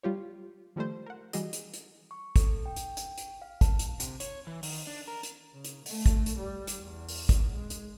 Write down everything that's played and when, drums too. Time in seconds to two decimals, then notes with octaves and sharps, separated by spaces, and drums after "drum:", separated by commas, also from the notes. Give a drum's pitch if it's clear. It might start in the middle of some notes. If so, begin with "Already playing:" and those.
0.03 G3 F4 G4 C#5
0.76 D#3 F3 G3 A3 C5
1.06 A#4 F#5
1.33 E3 G3 F#4 G#4 D#5, drum: hi-hat
1.53 drum: hi-hat
1.74 drum: hi-hat
2.11 C#6
2.36 A4, drum: kick, hi-hat
2.66 G5
2.76 drum: hi-hat
2.97 drum: hi-hat
3.18 drum: hi-hat
3.42 F5
3.61 A5, drum: kick, hi-hat
3.79 drum: hi-hat
4.00 C3, drum: hi-hat
4.20 C#5, drum: hi-hat
4.47 E3
4.63 D#3, drum: open hi-hat
4.87 D4
5.08 A#4
5.23 drum: hi-hat
5.53 C#3
5.64 drum: hi-hat
5.86 A3, drum: open hi-hat
6.06 drum: kick, hi-hat
6.26 drum: hi-hat
6.38 G3
6.67 drum: hi-hat
6.79 E2
7.09 drum: open hi-hat
7.29 drum: kick, hi-hat
7.54 G#3
7.70 drum: hi-hat